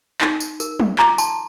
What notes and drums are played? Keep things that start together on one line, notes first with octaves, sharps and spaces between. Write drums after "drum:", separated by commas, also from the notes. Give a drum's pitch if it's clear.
D#4, drum: clap
drum: tambourine
A#4, drum: tambourine
drum: tom
F4 A#5 D6, drum: clap
A5 C6, drum: tambourine